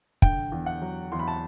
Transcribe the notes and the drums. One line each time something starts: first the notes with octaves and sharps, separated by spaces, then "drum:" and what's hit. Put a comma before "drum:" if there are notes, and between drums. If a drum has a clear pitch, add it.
D3 G5, drum: kick
E2
F#5
F#3
E2 C6
B5
A5